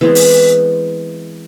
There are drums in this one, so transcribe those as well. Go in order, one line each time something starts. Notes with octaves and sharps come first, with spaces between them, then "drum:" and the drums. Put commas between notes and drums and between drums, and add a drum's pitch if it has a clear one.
E3 G#3 B3 C4
drum: open hi-hat